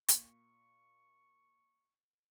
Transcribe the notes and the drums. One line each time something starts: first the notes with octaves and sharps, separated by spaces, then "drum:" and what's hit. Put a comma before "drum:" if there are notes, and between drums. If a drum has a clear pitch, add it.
A#2 C#6, drum: hi-hat